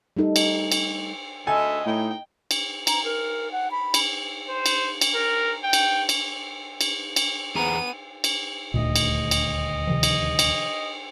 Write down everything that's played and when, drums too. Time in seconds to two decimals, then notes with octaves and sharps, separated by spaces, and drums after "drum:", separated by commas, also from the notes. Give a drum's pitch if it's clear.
0.17 G3 A3 D#4 A4
0.36 drum: cymbal
0.72 drum: cymbal
1.47 D2 A4 D#5 E5 G#5
1.86 A2 D#4 G5
2.51 drum: cymbal
2.87 A#5, drum: cymbal
3.04 A#4
3.52 F#5
3.71 B5
3.94 drum: cymbal
4.49 C5
4.66 drum: cymbal
5.01 drum: cymbal
5.15 A#4
5.63 G5
5.73 drum: cymbal
6.09 drum: cymbal
6.81 drum: cymbal
7.16 drum: cymbal
7.55 E2 B3 G#4 A#5 D#7
8.24 drum: cymbal
8.74 D#1 D2 A#2 D3 A3 D#5
8.96 drum: cymbal
9.31 drum: cymbal
9.87 C3 D#3 F3
10.03 drum: cymbal
10.39 drum: cymbal